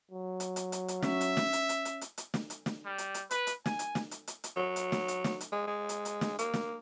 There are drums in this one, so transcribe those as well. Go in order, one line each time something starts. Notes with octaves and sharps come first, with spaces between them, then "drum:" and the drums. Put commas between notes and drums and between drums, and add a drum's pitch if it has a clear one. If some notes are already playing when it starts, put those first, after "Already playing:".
F#3
drum: hi-hat
drum: hi-hat
drum: hi-hat
drum: hi-hat
C#4 E5, drum: snare
drum: hi-hat
drum: snare
drum: hi-hat
drum: hi-hat
drum: hi-hat
drum: hi-hat
drum: hi-hat
drum: snare
drum: hi-hat
drum: snare
G3
drum: hi-hat
drum: hi-hat
B4, drum: hi-hat
drum: hi-hat
G#5, drum: snare
drum: hi-hat
drum: snare
drum: hi-hat
drum: hi-hat
drum: hi-hat
F#3
drum: hi-hat
drum: snare
drum: hi-hat
drum: snare
drum: hi-hat
G#3
G#3
drum: hi-hat
drum: hi-hat
drum: snare
A#3, drum: hi-hat
drum: snare